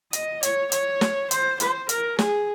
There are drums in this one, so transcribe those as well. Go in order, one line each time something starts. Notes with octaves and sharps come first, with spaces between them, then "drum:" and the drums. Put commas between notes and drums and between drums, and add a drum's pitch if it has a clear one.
D#5, drum: hi-hat
C#5, drum: hi-hat
C#5, drum: hi-hat
drum: snare
C5, drum: hi-hat
C5, drum: hi-hat
A#4, drum: hi-hat
G#4, drum: snare